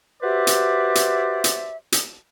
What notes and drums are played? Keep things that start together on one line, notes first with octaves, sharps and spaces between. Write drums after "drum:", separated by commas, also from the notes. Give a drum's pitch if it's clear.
F#4 G4 B4 C5 D5 E5
drum: hi-hat
drum: hi-hat
drum: hi-hat
drum: hi-hat